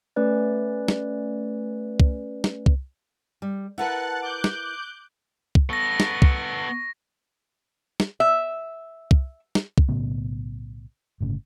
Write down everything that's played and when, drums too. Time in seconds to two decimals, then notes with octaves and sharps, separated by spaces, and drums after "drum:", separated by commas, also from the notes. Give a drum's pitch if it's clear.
0.16 A3 C#4 B4 D5
0.88 drum: snare
2.00 drum: kick
2.44 drum: snare
2.66 drum: kick
3.42 G3
3.78 E4 A#4 B4 F#5 A5 F#6
4.22 D6 F#6 G6
4.44 drum: snare
5.55 drum: kick
5.69 B3 A4 C#6 A#6
6.00 drum: snare
6.22 drum: kick
8.00 drum: snare
8.20 E5
9.11 drum: kick
9.55 drum: snare
9.78 drum: kick
9.89 B1 A2 C#3 B3
11.20 G1 A2 C#3